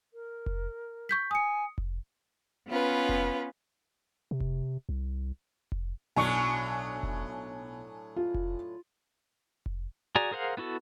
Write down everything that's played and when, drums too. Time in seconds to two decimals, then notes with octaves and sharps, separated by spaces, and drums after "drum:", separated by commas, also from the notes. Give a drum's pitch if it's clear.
0.14 A#4
0.46 drum: kick F1
1.09 C#6 G6 B6
1.31 G#5 D#6 C#7
1.78 drum: kick F1
2.68 B3 C#4 F4 B4
3.09 drum: kick F1
4.31 C3
4.40 drum: kick F1
4.89 C2
5.72 drum: kick F1
6.16 B1 A2 F#3 D4 G#5 C#6 C#7
7.03 drum: kick F1
8.16 F4
8.34 drum: kick F1
9.66 drum: kick F1
10.15 F#4 G#4 D5 G#5 A#5
10.31 G#4 A#4 C5 F5 F#5
10.57 B3 E4 F#4 A4